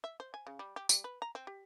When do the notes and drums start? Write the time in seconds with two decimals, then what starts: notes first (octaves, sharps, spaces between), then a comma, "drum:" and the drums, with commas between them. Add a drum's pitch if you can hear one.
0.04 E5
0.20 C5
0.34 G#5
0.47 C#3
0.59 G3
0.76 G4
0.89 G3, drum: tambourine
1.04 B4
1.22 A#5
1.35 C4
1.47 G4